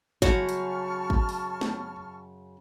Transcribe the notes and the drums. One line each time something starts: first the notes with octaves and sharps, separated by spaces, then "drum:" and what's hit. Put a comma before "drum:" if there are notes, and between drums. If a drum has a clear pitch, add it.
F#2 C#3 F#4 C#5 A5 C#6 F6, drum: kick
drum: hi-hat
drum: kick
drum: open hi-hat
drum: snare